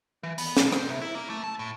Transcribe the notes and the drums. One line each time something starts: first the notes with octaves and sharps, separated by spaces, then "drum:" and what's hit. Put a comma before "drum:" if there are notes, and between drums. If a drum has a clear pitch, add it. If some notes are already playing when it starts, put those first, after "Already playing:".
E3
B3, drum: open hi-hat
B1, drum: snare
C5, drum: rim click
C3
E4
A#3
A3
A5
A2